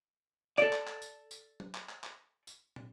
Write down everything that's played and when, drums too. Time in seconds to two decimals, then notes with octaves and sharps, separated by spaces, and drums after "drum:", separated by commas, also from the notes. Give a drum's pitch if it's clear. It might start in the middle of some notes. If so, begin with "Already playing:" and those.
0.58 A4 D5, drum: clap
0.73 drum: clap
0.87 drum: clap
1.02 drum: tambourine
1.31 drum: tambourine
1.60 drum: tom
1.74 drum: clap
1.89 drum: clap
2.04 drum: clap
2.47 drum: tambourine
2.76 drum: tom